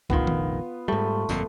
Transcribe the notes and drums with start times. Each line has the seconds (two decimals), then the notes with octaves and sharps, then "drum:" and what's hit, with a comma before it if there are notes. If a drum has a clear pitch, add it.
0.10 F1 A#1 D#3 B3 F4, drum: kick C2
0.27 drum: tom D#3
0.88 G#2 G3 A3
1.29 G1 F2 A#2, drum: tambourine